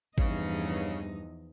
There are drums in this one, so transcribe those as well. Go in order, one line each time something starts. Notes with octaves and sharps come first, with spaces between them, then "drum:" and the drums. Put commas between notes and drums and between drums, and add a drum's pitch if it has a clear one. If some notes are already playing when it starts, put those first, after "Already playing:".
E2 G2 C#3 E3 F3 D#4 D#5, drum: kick G#1